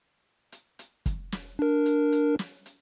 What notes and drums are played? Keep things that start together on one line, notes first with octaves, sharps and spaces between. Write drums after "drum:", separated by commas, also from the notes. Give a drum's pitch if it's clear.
drum: hi-hat
drum: hi-hat
drum: kick, hi-hat
drum: snare
D4 A#4
drum: hi-hat
drum: hi-hat
drum: snare
drum: hi-hat